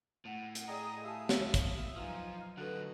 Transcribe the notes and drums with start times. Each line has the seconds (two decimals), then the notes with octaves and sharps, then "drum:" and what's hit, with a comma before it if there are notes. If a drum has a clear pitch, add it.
0.25 A2 F#5
0.55 drum: hi-hat
0.68 G#4 D5 D#5 G5 A#5 D#6
1.05 G4 E5 F5 G#5 A5 D#6
1.29 drum: snare
1.54 drum: kick, hi-hat
1.96 B2 F3 F#3 D#4 F5 G#5
2.57 D3 F#3 F#4 A4 B4 D#5 F#5